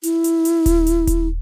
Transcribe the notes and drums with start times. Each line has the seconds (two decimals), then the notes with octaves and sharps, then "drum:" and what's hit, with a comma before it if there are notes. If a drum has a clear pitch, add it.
0.03 E4, drum: hi-hat
0.24 drum: hi-hat
0.45 drum: hi-hat
0.66 drum: kick D#1, hi-hat
0.87 drum: hi-hat
1.07 drum: kick D#1, hi-hat